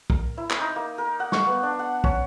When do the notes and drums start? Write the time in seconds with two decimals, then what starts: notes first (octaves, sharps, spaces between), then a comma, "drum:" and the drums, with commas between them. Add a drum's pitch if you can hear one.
0.10 A#4, drum: kick
0.38 E4
0.51 drum: clap
0.60 D#4
0.76 A#3
0.98 A#4
1.20 F#5
1.32 C#6, drum: snare
1.46 B3
1.63 D4
1.79 F#5
2.04 C#4, drum: kick